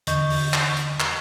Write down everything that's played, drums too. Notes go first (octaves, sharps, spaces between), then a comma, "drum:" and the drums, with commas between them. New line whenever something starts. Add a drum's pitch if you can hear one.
E2 D3 D#5 C#6 G6, drum: hi-hat
drum: open hi-hat
drum: clap
drum: hi-hat
drum: clap